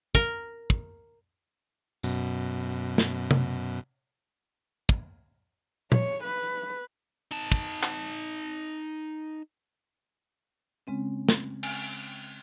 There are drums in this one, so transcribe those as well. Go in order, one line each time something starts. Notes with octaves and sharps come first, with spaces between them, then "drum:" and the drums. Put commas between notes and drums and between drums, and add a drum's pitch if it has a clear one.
A#4, drum: kick
drum: kick
F#2 B2, drum: tambourine
drum: snare
drum: tom C3
drum: kick
C#5, drum: tom A#2
B4
D#4 A5
drum: kick
drum: clap
C#3 G#3 C4 C#4
drum: snare
G#5, drum: cymbal